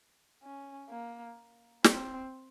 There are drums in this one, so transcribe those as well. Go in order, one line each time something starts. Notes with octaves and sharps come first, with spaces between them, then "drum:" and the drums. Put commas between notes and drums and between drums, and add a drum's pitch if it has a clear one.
C#4
A#3
C4, drum: snare